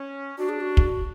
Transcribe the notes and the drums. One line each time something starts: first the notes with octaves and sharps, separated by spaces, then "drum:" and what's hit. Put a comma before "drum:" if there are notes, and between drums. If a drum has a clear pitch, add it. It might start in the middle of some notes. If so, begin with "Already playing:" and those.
Already playing: C#4
D4 F#4
G#4
F#4
drum: kick